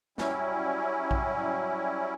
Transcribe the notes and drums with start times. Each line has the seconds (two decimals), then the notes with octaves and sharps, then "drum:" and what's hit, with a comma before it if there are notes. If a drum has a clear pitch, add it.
0.18 F#3 G3 C#4 E4, drum: snare
1.11 drum: kick A#1